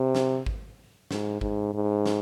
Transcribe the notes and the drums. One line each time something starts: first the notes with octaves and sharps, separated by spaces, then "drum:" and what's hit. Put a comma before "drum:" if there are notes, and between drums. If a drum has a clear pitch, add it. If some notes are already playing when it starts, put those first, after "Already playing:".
Already playing: C3
drum: snare
drum: kick G#1
G#2, drum: snare
G#2, drum: kick G#1
G#2
drum: snare